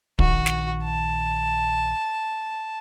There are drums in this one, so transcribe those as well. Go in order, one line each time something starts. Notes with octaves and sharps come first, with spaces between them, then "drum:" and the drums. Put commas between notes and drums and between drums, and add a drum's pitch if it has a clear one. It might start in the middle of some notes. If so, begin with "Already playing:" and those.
A#1 D#3 F#4, drum: kick
drum: snare
A5